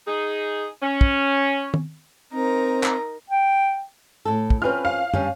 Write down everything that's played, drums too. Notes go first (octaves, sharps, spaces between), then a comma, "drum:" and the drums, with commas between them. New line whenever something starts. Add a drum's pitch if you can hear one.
D#4 G#4
C#4
drum: kick
drum: tom D#3
C4 D#4 A#4 A#5
drum: clap
G5
A2 A4
drum: kick
C4 C#4 F4 B4 F6
F5
G2 G3 C#4, drum: tom